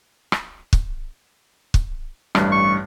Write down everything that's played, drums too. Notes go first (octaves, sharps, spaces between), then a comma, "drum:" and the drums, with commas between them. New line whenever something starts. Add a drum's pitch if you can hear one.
drum: rim click
drum: kick
drum: kick
A1 G2, drum: rim click
C#6